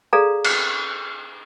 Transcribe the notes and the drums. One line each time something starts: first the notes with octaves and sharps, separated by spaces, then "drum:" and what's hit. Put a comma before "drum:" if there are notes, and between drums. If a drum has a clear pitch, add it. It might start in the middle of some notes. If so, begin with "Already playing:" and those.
G#4 A4 D5 F5 A#5
drum: cymbal